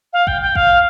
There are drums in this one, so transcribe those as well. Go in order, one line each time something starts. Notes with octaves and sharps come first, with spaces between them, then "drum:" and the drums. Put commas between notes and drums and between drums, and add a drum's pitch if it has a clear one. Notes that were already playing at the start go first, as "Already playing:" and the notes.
F5
G5, drum: kick A1
G5
F5, drum: kick A1